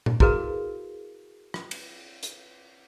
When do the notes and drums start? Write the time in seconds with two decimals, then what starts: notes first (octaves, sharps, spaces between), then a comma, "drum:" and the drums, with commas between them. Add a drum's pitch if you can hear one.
0.06 drum: tom A#2
0.20 E4 F#4 G#4 A#4 B4 F5, drum: kick
1.54 drum: rim click
1.71 drum: cymbal
2.23 drum: hi-hat